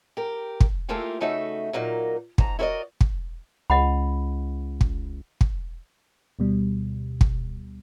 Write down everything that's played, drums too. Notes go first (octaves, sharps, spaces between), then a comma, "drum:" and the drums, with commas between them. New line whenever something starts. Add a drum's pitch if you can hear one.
G4 A#4
drum: kick
A3 A#3 E4 F4 G4 G#4
C#3 A3 D#4 F#4 E5
A#2 F#3 A#3 D#4
G#2 A#5, drum: kick
E4 F#4 A#4 B4 D5 D#5
drum: kick
C#2 D#5 F#5 B5
drum: kick
drum: kick
D2 B2 G3
drum: kick